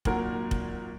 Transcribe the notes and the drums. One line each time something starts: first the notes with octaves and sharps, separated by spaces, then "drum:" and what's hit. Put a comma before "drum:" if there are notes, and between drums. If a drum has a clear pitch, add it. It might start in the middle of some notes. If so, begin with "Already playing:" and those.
G#1 A#2 F#3 A#4, drum: kick F1
drum: kick F1